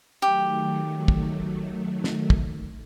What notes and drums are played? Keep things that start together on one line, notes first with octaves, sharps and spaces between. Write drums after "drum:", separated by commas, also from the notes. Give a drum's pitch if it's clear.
D#3 F#3 A3 G4
drum: kick
drum: snare
drum: kick